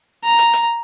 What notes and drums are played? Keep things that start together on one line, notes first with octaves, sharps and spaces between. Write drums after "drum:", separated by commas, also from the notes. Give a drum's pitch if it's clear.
A#5
drum: hi-hat
drum: hi-hat